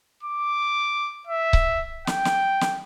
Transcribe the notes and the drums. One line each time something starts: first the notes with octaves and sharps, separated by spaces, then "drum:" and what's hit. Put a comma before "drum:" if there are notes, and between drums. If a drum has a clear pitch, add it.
D6
E5
drum: kick C#1
G5, drum: snare
drum: snare
drum: snare